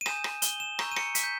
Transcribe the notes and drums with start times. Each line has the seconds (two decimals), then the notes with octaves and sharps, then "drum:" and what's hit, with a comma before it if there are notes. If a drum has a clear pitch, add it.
0.01 D#7
0.06 G#5 D#6 G6 E7, drum: rim click
0.24 drum: rim click
0.42 G7, drum: hi-hat
0.60 E7
0.79 A#5 C#6 E6 G6, drum: rim click
0.92 D#7
0.96 C#7, drum: rim click
1.15 B6, drum: hi-hat
1.24 G6